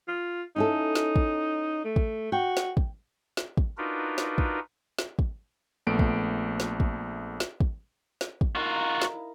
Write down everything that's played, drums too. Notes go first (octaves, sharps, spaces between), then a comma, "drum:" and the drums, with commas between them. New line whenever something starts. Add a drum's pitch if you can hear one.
F4
C#4 D#4 E4 A4
drum: snare
drum: kick
A3
drum: kick
F#4 G5
drum: snare
drum: kick
drum: snare
drum: kick
D4 D#4 F4 F#4 A#4 B4
drum: snare
drum: kick
drum: snare
drum: kick
A#1 A3 B3 D7
drum: kick
drum: snare
drum: kick
drum: snare
drum: kick
drum: snare
drum: kick
D#4 F4 F#4 A#4 F5
drum: snare
E4